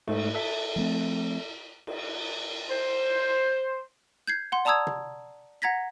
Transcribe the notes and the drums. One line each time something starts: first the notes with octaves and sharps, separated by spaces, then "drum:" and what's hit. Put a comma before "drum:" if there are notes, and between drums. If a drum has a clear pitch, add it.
G#2 A3, drum: cymbal
A4 E5
F3 A3 C4
drum: cymbal
C5
G6 G#6 C7
F#5 C6
D5 A5 A#5 D#6 E6 G#6
drum: tom
F#5 A#5 G#6 A#6 B6